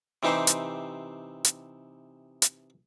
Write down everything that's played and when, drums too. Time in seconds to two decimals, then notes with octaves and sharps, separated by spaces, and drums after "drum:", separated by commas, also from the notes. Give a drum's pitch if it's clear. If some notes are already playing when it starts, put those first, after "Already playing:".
0.23 C3 E3 D#4 G4 C5
0.47 drum: hi-hat
1.45 drum: hi-hat
2.42 drum: hi-hat